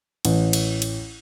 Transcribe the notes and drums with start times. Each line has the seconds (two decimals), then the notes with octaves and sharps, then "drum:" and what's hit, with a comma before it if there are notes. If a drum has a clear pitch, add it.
0.25 A1, drum: cymbal
0.53 drum: cymbal
0.82 drum: cymbal